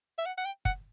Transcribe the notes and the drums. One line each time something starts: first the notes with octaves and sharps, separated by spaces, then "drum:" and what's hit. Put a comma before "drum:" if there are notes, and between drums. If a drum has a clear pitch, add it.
E5
F#5
F#5
G5
F#5, drum: kick